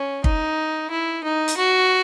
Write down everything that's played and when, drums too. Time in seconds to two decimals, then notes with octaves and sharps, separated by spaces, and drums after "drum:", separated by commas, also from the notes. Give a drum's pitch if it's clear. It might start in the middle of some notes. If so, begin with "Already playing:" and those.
Already playing: C#4
0.24 D#4, drum: kick
0.91 E4
1.24 D#4
1.48 drum: hi-hat
1.57 F#4